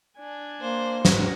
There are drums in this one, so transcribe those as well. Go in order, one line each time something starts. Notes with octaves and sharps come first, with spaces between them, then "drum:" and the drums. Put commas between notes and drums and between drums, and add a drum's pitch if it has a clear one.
D4 G#5
A#3 C5
G#2 F#4 A#4, drum: snare